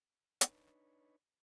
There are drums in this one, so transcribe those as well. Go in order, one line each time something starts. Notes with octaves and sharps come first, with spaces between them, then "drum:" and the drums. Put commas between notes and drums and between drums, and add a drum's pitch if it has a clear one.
D4 D#4 B4 C#5, drum: hi-hat